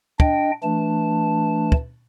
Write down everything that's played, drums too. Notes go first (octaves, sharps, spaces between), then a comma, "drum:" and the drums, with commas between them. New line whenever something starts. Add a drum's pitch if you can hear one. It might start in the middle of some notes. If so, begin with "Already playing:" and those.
D4 D#5 G5, drum: kick
E3 A3 D4 A5
drum: kick